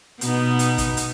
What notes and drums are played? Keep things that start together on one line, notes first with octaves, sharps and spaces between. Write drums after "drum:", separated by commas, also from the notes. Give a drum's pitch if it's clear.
B2 B3 D#4, drum: hi-hat
drum: hi-hat
drum: kick, hi-hat
drum: hi-hat